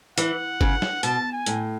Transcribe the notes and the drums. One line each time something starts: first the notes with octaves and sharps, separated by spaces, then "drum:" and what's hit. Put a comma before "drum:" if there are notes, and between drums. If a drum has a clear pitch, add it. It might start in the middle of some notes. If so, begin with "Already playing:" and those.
E3 F#5, drum: hi-hat
C#3, drum: kick G1
drum: snare
B2 A5, drum: hi-hat
G#5
A2, drum: hi-hat